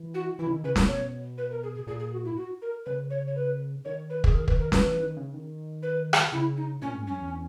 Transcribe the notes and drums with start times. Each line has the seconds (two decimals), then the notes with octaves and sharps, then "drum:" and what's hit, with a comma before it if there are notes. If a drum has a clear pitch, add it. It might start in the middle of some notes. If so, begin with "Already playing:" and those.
Already playing: E3
0.14 F#4
0.39 E3 E4
0.47 C#3
0.51 D#3
0.64 C#3 B4
0.76 B2, drum: snare
0.88 C#5
1.38 B4
1.51 A#4
1.63 G#4
1.75 G#4
1.87 A#2 G#4
2.00 G#4
2.12 F#4
2.25 E4
2.36 F#4
2.62 A#4
2.86 C#3 B4
3.10 C#5
3.27 C#5
3.36 B4
3.85 D#3 C#5
4.10 B4
4.24 G#4, drum: kick
4.35 A#4
4.48 B4, drum: kick
4.60 A#4
4.72 B4, drum: snare
4.84 E3
5.01 D#3
5.17 C#3
5.34 D#3
5.83 B4
6.13 drum: rim click
6.32 C#3 E4
6.57 D#4
6.82 A#2 C#4
6.95 G#2
7.07 F#2 C#4
7.19 E2